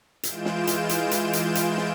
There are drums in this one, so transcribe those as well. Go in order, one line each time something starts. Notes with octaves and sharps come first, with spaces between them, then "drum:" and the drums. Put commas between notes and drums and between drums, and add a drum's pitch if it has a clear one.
E3 G#3 F4 G6 D7 E7, drum: hi-hat
drum: snare
drum: hi-hat
drum: hi-hat
drum: hi-hat
drum: hi-hat
drum: hi-hat
drum: snare